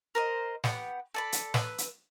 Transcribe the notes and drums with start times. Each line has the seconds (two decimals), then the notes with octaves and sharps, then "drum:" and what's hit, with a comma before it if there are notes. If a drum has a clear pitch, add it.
0.15 A#4 C5 D#5
0.64 B3 G4 F#5, drum: snare
1.14 A4 D5 B5
1.32 drum: hi-hat
1.54 B4 E6, drum: snare
1.78 drum: hi-hat